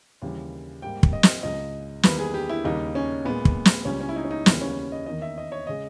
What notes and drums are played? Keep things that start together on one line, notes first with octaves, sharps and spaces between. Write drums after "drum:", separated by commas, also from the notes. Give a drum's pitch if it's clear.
D#2 C#3 E3 G3 A#3
G#2 G3 A#3 G5
drum: kick
D#5
drum: snare
C#2 C#3 G#3 D#5
E2 D#3 G3 A#3 B4, drum: snare
G#4
G4
E4
D#2 C#3 G3 A#3 D#4
C#4
A#2 G#3 B3
drum: kick
drum: snare
C#2 C#3 G3 C#4
C#4
E4
D#4
C#4
D#4
D#2 C#3 E3 G3 A#3 B3, drum: snare
C#4
D#5
E2 D#3 A#3 D#5
E5
D#5
C#5
C#3 G#3 D#5